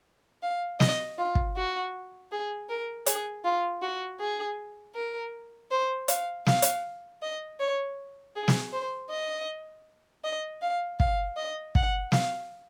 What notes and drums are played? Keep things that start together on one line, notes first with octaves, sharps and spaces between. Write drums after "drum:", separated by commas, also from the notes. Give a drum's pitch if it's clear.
F5
D#5, drum: snare
F4
drum: kick
F#4
G#4
A#4
G#4, drum: hi-hat
F4
F#4
G#4
A#4
C5
F5, drum: hi-hat
F5, drum: snare
drum: hi-hat
D#5
C#5
G#4
drum: snare
C5
D#5
D#5
F5
F5, drum: kick
D#5
F#5, drum: kick
F5, drum: snare